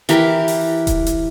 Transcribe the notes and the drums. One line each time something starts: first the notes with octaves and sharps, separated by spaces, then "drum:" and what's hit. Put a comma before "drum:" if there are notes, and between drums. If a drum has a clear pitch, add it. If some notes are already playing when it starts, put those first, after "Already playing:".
E3 G4 A#4, drum: hi-hat
drum: open hi-hat
drum: kick D#1, hi-hat
drum: hi-hat